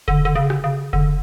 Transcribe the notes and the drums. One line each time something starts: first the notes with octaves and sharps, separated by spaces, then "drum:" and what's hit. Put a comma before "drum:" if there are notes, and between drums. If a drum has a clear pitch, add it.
D3, drum: kick F1
D3
C#3
drum: rim click
C#3
D3, drum: kick F1